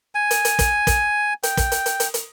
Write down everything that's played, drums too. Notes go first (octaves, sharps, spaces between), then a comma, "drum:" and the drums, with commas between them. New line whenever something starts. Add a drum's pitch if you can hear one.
G#5
drum: hi-hat
drum: hi-hat
drum: kick, hi-hat
drum: kick, hi-hat
G5, drum: hi-hat
drum: kick, hi-hat
drum: hi-hat
drum: hi-hat
drum: hi-hat
drum: hi-hat